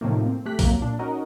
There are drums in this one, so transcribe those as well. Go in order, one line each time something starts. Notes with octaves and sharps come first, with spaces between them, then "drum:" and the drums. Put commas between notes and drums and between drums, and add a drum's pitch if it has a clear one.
A2 C3 D#3 F3 A3 A#3
C4
A3 G4 F#6 B6
C2 F#2 A#3, drum: kick B1, open hi-hat
A#2 D4
C#4 D#4 F#4 A#4 D#5